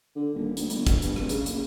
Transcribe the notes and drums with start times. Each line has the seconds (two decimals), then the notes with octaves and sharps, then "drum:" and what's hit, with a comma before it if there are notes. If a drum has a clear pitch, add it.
0.15 D3
0.34 D#1
0.57 D2, drum: hi-hat
0.70 G1, drum: hi-hat
0.87 drum: kick, hi-hat
1.02 G2, drum: hi-hat
1.16 D1, drum: rim click
1.29 C#3, drum: hi-hat
1.46 F#1, drum: hi-hat